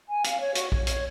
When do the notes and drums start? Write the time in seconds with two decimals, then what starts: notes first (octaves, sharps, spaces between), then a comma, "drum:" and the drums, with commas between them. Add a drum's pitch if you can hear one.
0.08 G#5
0.24 F5, drum: hi-hat
0.40 C#5
0.55 F#4, drum: hi-hat
0.72 C#5, drum: kick A#1
0.87 C#5, drum: hi-hat